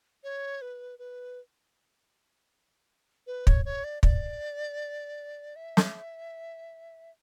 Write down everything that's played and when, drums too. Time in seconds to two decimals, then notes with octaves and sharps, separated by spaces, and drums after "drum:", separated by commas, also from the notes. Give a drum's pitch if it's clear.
0.24 C#5
0.62 B4
0.99 B4
3.27 B4
3.47 C#5, drum: kick
3.65 C#5
3.84 D5
4.03 D5, drum: kick
5.56 E5
5.77 drum: snare